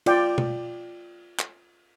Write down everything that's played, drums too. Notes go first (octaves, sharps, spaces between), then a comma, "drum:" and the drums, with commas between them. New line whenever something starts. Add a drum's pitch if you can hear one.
F4 D5 G5, drum: cymbal
drum: tom B2
drum: clap